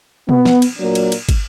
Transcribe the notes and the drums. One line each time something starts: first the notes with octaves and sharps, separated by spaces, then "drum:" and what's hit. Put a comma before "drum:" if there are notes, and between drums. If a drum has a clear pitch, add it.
B3, drum: tom B2
drum: snare
drum: cymbal
A#2 F#3 A#3 D4
drum: cymbal
drum: cymbal
drum: kick, cymbal